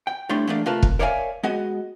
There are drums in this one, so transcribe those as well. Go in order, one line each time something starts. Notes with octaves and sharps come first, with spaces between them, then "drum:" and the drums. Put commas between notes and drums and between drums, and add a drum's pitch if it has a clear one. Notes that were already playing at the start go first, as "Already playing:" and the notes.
G5
A2 G3 A3 D4 C6
E2 A3 A#3 D4
C3 A3 F4 A#4 B4 A5
drum: kick
A#4 C#5 D5 E5 F5 G#5
G#3 B3 F#4 D#5